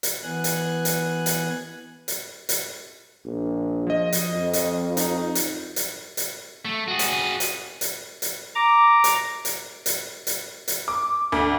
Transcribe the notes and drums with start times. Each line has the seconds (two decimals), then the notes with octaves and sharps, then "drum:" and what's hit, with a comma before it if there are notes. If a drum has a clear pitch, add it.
0.03 drum: hi-hat
0.23 E3 B3 G#5 F#6
0.44 drum: hi-hat
0.85 drum: hi-hat
1.26 drum: hi-hat
2.08 drum: hi-hat
2.49 drum: hi-hat
3.25 A#1
3.87 F3 D#5
4.12 drum: hi-hat
4.33 F2
4.53 drum: hi-hat
4.97 D#4, drum: hi-hat
5.35 drum: hi-hat
5.76 drum: hi-hat
6.17 drum: hi-hat
6.65 A3
6.88 F#4 G#4
6.99 drum: hi-hat
7.40 drum: hi-hat
7.81 drum: hi-hat
8.22 drum: hi-hat
8.55 A#5 D6
9.04 drum: hi-hat
9.45 drum: hi-hat
9.86 drum: hi-hat
10.27 drum: hi-hat
10.68 drum: hi-hat
10.88 D6
11.32 D2